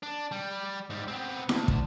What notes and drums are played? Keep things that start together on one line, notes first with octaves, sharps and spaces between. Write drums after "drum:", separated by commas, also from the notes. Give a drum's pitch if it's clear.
D4
G3
G#2 G3
B3 C4
D2, drum: snare E4
drum: kick